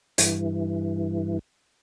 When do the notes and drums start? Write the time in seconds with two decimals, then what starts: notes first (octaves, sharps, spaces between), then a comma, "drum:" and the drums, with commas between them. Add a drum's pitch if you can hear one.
0.18 G2 E3, drum: hi-hat